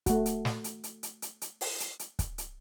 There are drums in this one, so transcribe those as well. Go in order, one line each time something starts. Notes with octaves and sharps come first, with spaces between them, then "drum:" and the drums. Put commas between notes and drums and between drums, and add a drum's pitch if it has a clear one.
A3 F#4, drum: kick, hi-hat
drum: hi-hat
drum: snare
drum: hi-hat
drum: hi-hat
drum: hi-hat
drum: hi-hat
drum: hi-hat
drum: open hi-hat
drum: hi-hat
drum: hi-hat
drum: kick, hi-hat
drum: hi-hat